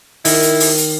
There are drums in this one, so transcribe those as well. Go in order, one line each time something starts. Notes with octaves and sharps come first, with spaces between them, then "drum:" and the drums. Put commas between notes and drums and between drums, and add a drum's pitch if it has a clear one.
D#3 E4, drum: open hi-hat
drum: hi-hat
drum: open hi-hat
drum: hi-hat